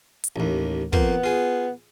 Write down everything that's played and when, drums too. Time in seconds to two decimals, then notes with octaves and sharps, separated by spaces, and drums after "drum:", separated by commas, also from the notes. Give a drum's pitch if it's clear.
0.24 drum: hi-hat
0.36 A1 D#2
0.93 F2 A#3 B3 C5, drum: kick
1.24 F4 G#4